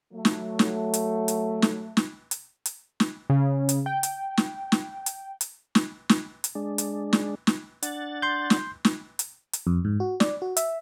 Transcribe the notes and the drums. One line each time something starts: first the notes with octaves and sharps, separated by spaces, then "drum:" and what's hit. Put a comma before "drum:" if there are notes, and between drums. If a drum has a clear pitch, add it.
F#3 A3
drum: snare
drum: snare
drum: hi-hat
drum: hi-hat
drum: snare
drum: snare
drum: hi-hat
drum: hi-hat
drum: snare
C#3
drum: hi-hat
G5
drum: hi-hat
drum: snare
drum: snare
drum: hi-hat
drum: hi-hat
drum: snare
drum: snare
drum: hi-hat
G#3 D4
drum: hi-hat
drum: snare
drum: snare
D4 F#5 A6, drum: hi-hat
C6 G6
drum: snare
drum: snare
drum: hi-hat
drum: hi-hat
F2
G#2
F#4
D5, drum: snare
F#4
E5, drum: hi-hat